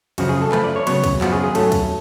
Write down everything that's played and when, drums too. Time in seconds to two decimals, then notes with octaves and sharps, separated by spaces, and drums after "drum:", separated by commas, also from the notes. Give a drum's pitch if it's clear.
0.18 F#2 C#3 F3 F#4, drum: cymbal
0.29 G#4
0.41 A4
0.52 F#2 F3 A3 B4, drum: clap
0.64 D5
0.76 C#5
0.87 C#3 F#3 B3 C#5, drum: cymbal
1.04 drum: kick, cymbal
1.21 F#2 F3 B3 F4 F#4, drum: clap
1.32 G#4
1.43 G#4
1.55 G#2 F#3 A3 C#4 A4, drum: cymbal
1.72 drum: kick, cymbal